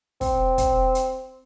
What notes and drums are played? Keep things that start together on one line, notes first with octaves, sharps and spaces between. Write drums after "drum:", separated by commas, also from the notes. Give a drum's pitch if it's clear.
C4, drum: kick, open hi-hat
drum: kick, hi-hat
drum: hi-hat